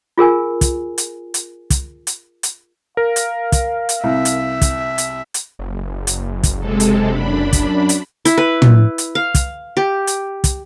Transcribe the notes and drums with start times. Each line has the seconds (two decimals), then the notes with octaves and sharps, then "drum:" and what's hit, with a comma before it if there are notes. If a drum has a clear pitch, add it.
0.18 F4 G#4 A#4 G#5
0.61 drum: kick, hi-hat
0.98 drum: hi-hat
1.34 drum: hi-hat
1.70 drum: kick, hi-hat
2.07 drum: hi-hat
2.43 drum: hi-hat
2.97 A#4 F5
3.16 drum: hi-hat
3.52 drum: kick, hi-hat
3.89 drum: hi-hat
4.04 C2 E5
4.25 drum: hi-hat
4.61 drum: kick, hi-hat
4.98 drum: hi-hat
5.34 drum: hi-hat
5.59 F#1
6.07 drum: hi-hat
6.43 drum: kick, hi-hat
6.59 C3 G#3 A4
6.80 drum: hi-hat
7.08 F#2 D4 B5
7.53 drum: kick, hi-hat
7.89 drum: hi-hat
8.25 E4, drum: hi-hat
8.38 B4
8.62 drum: tom
8.98 drum: hi-hat
9.15 F5
9.35 drum: kick, hi-hat
9.77 G4
10.07 drum: hi-hat
10.44 drum: kick, hi-hat